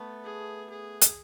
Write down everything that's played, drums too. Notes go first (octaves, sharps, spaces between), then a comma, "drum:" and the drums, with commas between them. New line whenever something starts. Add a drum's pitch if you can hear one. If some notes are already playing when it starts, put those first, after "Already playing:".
Already playing: A3 B3
G#4
G#4
drum: hi-hat